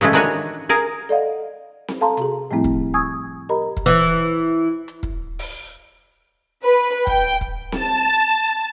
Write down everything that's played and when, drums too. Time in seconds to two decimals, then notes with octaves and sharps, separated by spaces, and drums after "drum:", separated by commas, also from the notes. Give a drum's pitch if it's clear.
0.01 C#3 E3 G#3 A3
0.13 D#3 E3 D4 F#4 C#5 G#5
0.69 G#4 A#4 F5
1.09 A4 D5 D#5 F5 F#5
1.88 drum: snare C4
2.01 A4 F5 A5 A#5 C6
2.17 C3 F#4 G#4, drum: hi-hat
2.51 A2 F3 G3 A3 C4 E4
2.64 drum: kick
2.94 G#5 C#6 D#6 E6 G#6
3.49 G4 A#4 D#5 A#5 B5
3.77 drum: kick
3.86 E3
4.88 drum: hi-hat
5.03 drum: kick
5.39 drum: open hi-hat
6.63 B4
7.07 G5, drum: kick
7.41 drum: kick
7.72 A5, drum: snare C4